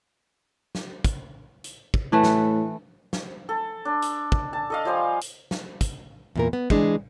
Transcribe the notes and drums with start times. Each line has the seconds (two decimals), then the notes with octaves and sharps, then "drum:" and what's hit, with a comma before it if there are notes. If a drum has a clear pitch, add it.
0.75 drum: snare
1.04 drum: kick, hi-hat
1.64 drum: hi-hat
1.94 drum: kick
2.12 A2 E3 A3 B4
2.24 drum: snare
3.13 drum: snare
3.49 A4
3.85 D4
4.02 drum: hi-hat
4.32 drum: kick
4.53 A5
4.70 A4 D#5 F5
4.85 F3 G3 C5 G#5
5.21 drum: hi-hat
5.51 drum: snare
5.81 drum: kick, hi-hat
6.36 E2 A#2 A#4
6.53 B3
6.70 E3 G#3 D4, drum: kick